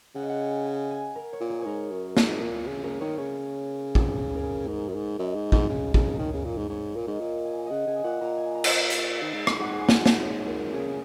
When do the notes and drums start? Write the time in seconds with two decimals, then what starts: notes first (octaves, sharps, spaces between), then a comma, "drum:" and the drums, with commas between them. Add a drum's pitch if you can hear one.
0.15 C#3 F#5
0.22 D#5
0.29 F#5
0.41 G#5
0.66 G#5
0.91 G#5
1.15 A#4
1.33 C#5
1.41 A#2
1.50 G#4
1.62 G#2 A#4 C#5
1.91 F#2
2.17 G#2 A#4, drum: snare
2.41 A#2
2.66 C#3
2.84 C#3 A#4
3.01 D#3 C#5
3.18 C#3 C#5
3.95 drum: kick
4.30 G#4 A#4
4.52 G#4
4.68 G#2 A#4
4.88 F#2
4.94 G#2
5.19 F#2 D#5
5.35 G#2
5.52 G#2, drum: kick
5.69 C#3
5.94 C#3 G#4, drum: kick
6.08 A#4
6.19 D#3 C#5
6.33 C#3
6.44 A#2
6.57 G#2
6.69 G#2 C#5
6.95 A#2 A#4
7.07 G#2 D#5
7.20 A#2 C#5
7.45 G#5
7.66 C#3 D#5 F#5
7.87 C#3 G#5
7.99 D#5
8.04 A#2 F#5
8.21 A#2 A#5
8.37 G#5
8.55 A#5
8.64 drum: cymbal
8.90 drum: hi-hat
9.22 D#3
9.34 G#2
9.47 G#2, drum: rim click
9.59 G#2 F#5
9.72 G#5
9.89 F#5, drum: snare
10.06 C#5, drum: snare
10.23 C#5
10.47 A#4
10.73 C#3 G#4